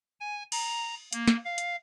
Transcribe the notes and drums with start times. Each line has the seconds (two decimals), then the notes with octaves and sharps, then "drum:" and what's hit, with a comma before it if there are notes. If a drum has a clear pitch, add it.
0.20 G#5
0.52 A#5, drum: cymbal
1.13 A#3, drum: hi-hat
1.28 drum: snare
1.45 F5
1.58 drum: hi-hat